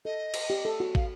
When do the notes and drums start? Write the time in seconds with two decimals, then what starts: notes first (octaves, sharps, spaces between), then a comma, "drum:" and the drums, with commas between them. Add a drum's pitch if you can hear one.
0.05 A4 D#5
0.34 drum: cymbal
0.50 G4
0.65 A4
0.80 F#4
0.95 F5, drum: kick